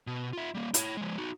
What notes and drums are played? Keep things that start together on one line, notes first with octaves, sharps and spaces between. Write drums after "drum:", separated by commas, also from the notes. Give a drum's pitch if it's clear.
B2
F4 E5
G3 A#3
E4 C#5, drum: hi-hat
F3 G#3
D#4 F#4